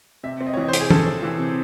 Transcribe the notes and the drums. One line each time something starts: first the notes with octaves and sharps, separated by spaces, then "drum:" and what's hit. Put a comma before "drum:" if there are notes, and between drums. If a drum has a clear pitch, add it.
C3 E5
C4
D#5
C#5
E3 D#5
C5
C3, drum: hi-hat
G#4
C3 A4, drum: tom
C4
E3
C3